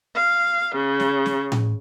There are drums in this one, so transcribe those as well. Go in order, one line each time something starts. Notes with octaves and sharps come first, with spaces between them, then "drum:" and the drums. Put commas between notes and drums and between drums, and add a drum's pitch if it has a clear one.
F5
C#3
drum: snare
drum: snare
drum: tom A2